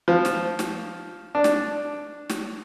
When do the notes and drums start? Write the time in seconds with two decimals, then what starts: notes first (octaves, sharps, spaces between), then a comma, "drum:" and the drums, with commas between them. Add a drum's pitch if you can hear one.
0.08 F3
0.25 drum: snare
0.59 drum: snare
1.35 D4
1.44 drum: snare
2.29 drum: snare